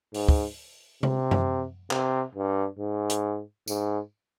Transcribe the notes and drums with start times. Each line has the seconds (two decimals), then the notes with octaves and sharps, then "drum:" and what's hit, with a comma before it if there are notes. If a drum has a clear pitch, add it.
0.14 G#2, drum: open hi-hat
0.29 drum: kick
1.03 C3, drum: tom C3
1.31 drum: tom F#2
1.91 C3, drum: clap
2.35 G2
2.79 G#2
3.10 drum: hi-hat
3.68 G#2, drum: tambourine